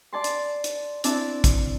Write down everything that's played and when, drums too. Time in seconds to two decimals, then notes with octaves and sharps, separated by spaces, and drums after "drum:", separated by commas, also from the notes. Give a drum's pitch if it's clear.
0.13 D5 A5 C6
0.24 drum: hi-hat
0.64 drum: hi-hat
1.04 C4 D4 E4 D5 E5 A5, drum: hi-hat
1.44 drum: kick, hi-hat